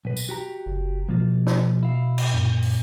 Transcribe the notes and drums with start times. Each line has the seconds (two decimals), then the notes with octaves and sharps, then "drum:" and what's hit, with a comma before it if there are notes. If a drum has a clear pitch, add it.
0.05 B1 B4
0.17 drum: tambourine
0.29 F#4 G4 A#5
0.66 F#1
1.08 B2 F3 A#3 F4
1.47 drum: snare
1.83 E4 F5
2.18 drum: cymbal
2.34 F#2 A#2
2.62 drum: open hi-hat